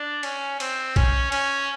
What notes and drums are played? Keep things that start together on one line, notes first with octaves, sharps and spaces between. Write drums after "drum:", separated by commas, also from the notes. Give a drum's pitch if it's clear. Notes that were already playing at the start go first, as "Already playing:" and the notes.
Already playing: D4
C#4, drum: cymbal
C4, drum: cymbal
C#4, drum: kick A#1, cymbal
C#4, drum: cymbal